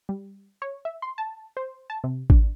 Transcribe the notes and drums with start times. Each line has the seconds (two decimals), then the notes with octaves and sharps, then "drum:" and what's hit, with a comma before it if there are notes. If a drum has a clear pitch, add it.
0.09 G3
0.62 C#5
0.85 E5
1.02 C6
1.18 A5
1.57 C5
1.90 A5
2.04 C3
2.30 D4, drum: kick G#1